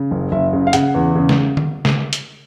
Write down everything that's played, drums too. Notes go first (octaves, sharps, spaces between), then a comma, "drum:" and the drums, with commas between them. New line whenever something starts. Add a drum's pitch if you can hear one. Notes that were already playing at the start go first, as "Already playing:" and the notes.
Already playing: C#3
F#1
F#1 E5
C#3
F5
C#3 F#5, drum: hi-hat
E2
C#3
drum: snare
drum: tom
drum: snare
drum: hi-hat